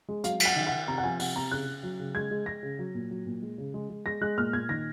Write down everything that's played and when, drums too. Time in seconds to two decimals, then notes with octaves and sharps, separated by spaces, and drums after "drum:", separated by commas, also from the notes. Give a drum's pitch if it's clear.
0.08 G#3
0.24 F#3 F5, drum: hi-hat
0.40 F#3, drum: cymbal
0.45 F#5
0.56 D#3
0.67 F#5
0.72 D#3
0.87 C3 A#5
0.98 F#5
1.03 F3 G#5
1.20 C3 F#5, drum: open hi-hat
1.35 C3 A#5
1.51 C#3 F#6
1.67 C#3
1.83 F#3
1.99 C#3
2.15 G#3 G#6
2.31 G#3
2.46 G#3 A#6
2.63 C#3
2.79 F#3
2.94 A#2
3.11 F#3
3.26 A#2
3.42 G#3
3.58 C#3
3.74 G#3
3.90 G#3
4.06 G#3 A#6
4.21 G#3 F#6
4.37 A#2 F6
4.53 A#2 G#6
4.69 D#3 A#6